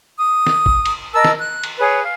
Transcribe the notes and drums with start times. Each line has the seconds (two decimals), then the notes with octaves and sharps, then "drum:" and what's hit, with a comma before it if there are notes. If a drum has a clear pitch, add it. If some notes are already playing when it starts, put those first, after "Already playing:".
0.18 D#6
0.47 drum: snare
0.66 drum: kick
0.86 drum: cymbal
1.14 A#4 D#5 A5 E6
1.25 drum: snare
1.38 F#6
1.63 drum: cymbal
1.78 G#4 B4 C#5
2.02 F5